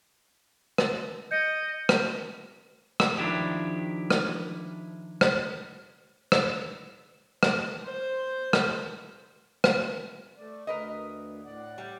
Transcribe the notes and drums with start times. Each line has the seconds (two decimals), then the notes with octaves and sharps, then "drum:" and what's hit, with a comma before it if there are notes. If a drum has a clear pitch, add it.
0.78 drum: rim click
1.31 D#5 G6 C#7
1.89 drum: rim click
3.00 drum: rim click
3.18 D#3 F3 D4 E4 G4
4.10 drum: rim click
5.21 drum: rim click
6.32 drum: rim click
7.43 drum: rim click
7.85 C5
8.53 drum: rim click
9.64 drum: rim click
10.38 A3 D5
10.67 D2 A#4 B4 D#5
11.45 A2 D5 F#5
11.78 G3